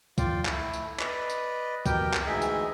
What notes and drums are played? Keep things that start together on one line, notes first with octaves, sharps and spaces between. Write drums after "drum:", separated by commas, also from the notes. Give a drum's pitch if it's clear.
F4 D5 F5 G5, drum: kick, tambourine
A3 E4, drum: clap
drum: tambourine
B4 D5 D#5, drum: clap
drum: tambourine
B2 G4 A#4 G5 G6, drum: kick, tambourine
drum: clap
D2 G#2 E3 G#4 D#5 E5
drum: tambourine